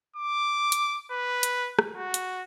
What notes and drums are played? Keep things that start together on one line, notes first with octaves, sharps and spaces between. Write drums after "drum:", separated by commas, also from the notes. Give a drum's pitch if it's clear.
D6
drum: hi-hat
B4
drum: hi-hat
drum: rim click
F#4
drum: hi-hat